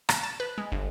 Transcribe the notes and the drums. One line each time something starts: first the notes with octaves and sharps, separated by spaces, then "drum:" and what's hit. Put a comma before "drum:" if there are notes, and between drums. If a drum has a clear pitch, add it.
A5, drum: rim click
A5
B4
G#3
G1